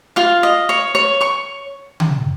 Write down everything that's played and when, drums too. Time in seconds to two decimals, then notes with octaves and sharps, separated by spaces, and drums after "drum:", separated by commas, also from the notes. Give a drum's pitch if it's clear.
0.16 F4 F5
0.43 D#5
0.69 C#5
0.95 C#5
1.21 C#5 C#6
2.00 drum: tom C#3